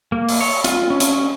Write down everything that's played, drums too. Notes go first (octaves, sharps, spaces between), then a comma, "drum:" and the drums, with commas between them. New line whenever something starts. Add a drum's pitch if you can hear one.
A#3
drum: open hi-hat
C#5
F4, drum: hi-hat
C#4
drum: hi-hat